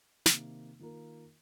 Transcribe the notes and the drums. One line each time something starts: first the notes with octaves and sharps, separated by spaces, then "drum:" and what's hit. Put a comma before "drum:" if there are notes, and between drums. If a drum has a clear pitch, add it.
C3 D#3 A#3, drum: snare
D#3 A#3 F4 A#4